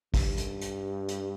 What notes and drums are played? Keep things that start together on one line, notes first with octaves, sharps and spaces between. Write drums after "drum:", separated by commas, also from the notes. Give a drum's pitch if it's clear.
G2, drum: kick, open hi-hat
drum: hi-hat
drum: hi-hat
drum: hi-hat